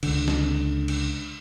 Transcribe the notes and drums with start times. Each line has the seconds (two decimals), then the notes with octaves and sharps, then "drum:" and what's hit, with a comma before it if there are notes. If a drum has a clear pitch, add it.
0.03 C#2 D3, drum: cymbal
0.28 drum: snare
0.88 drum: cymbal